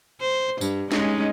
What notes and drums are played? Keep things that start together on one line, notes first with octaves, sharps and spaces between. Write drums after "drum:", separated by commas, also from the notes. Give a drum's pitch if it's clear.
C5
G2, drum: tambourine
G#3 C#4 D#4, drum: snare